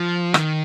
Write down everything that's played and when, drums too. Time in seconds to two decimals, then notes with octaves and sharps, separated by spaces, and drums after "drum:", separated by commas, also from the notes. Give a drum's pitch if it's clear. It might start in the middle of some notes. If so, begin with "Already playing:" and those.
Already playing: F3
0.34 D#3, drum: rim click